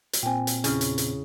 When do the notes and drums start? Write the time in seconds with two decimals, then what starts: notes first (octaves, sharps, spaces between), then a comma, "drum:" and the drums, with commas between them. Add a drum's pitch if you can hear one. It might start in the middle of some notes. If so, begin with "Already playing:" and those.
0.13 drum: hi-hat
0.23 A#2 C4 G5 G#5
0.47 drum: hi-hat
0.64 E2 C#3, drum: hi-hat
0.81 drum: hi-hat
0.98 drum: hi-hat